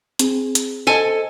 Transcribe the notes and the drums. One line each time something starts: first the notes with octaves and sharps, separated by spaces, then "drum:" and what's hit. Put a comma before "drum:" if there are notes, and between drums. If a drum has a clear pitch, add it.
C4 G#4, drum: hi-hat
drum: hi-hat
A4 C5 D#5 G#5